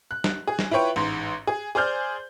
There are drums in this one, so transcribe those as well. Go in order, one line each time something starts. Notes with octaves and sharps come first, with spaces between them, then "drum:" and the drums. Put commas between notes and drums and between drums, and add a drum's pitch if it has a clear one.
F#6
drum: snare
G#4
drum: snare
E4 F4 B4 C#5 G5
A1 G#2 C6
G#4
G#4 C5 D5 F6 G6